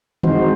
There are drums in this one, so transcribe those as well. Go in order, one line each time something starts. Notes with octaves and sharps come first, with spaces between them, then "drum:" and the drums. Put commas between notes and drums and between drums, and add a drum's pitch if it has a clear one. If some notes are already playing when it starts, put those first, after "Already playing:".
G#3 C4 D#4 F#4 C5, drum: tom D#3